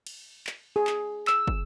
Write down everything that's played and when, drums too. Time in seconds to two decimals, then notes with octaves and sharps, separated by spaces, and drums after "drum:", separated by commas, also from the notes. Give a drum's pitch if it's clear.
0.07 drum: cymbal
0.47 drum: clap
0.76 G#4
0.87 drum: clap
1.27 E6, drum: clap
1.47 drum: kick